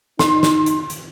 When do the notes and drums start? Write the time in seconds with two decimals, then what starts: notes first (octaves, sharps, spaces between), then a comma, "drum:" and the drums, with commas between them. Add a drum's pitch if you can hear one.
0.19 D#4 C6, drum: snare
0.43 drum: snare
0.66 drum: hi-hat
0.90 drum: hi-hat